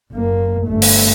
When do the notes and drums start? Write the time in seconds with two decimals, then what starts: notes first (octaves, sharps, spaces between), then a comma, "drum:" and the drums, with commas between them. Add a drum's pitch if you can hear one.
0.12 F#1 A#3
0.67 G1 A3
0.82 drum: open hi-hat